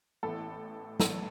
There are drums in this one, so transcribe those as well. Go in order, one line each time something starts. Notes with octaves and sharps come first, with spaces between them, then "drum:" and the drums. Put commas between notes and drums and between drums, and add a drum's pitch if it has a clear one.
A1 A2 E3 B3 A4
A1 A2 E3 B3 A4, drum: snare